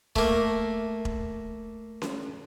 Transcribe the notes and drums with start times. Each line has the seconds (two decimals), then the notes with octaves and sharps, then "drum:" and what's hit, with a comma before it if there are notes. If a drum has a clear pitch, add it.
0.16 A3 A#3, drum: kick E1
1.05 drum: kick E1
2.02 drum: snare C#4